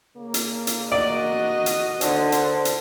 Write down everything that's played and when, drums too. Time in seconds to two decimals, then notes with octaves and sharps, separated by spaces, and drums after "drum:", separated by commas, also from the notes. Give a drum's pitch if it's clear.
0.17 C#3 A#3
0.34 drum: hi-hat
0.67 drum: hi-hat
0.92 F#4 D5 D#5
1.66 drum: hi-hat
2.01 D#2 D3 A#3 C5, drum: hi-hat
2.32 drum: hi-hat
2.65 drum: hi-hat